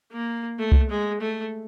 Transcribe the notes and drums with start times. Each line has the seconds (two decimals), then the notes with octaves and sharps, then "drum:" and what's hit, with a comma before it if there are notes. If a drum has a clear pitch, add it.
0.12 A#3
0.59 A3
0.72 drum: kick C2
0.90 G#3
1.21 A3